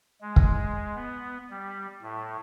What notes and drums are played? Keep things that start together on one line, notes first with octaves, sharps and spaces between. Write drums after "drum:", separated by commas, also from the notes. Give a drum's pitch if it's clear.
G#3
drum: kick
B3
G3
A2